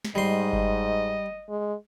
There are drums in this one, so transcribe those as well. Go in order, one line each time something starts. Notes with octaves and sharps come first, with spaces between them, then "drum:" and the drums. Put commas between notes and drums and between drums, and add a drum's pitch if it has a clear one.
drum: snare
G#2 G3 D#5 C6
drum: kick G1
G#3